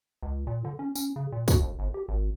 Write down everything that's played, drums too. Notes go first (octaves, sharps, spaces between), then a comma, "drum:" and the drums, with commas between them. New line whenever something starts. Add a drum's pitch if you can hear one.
C#2
A#2
D3
C#4
C#4, drum: tambourine
C#3
A#2
F#4, drum: kick, tambourine
E1
G1
G4
G#1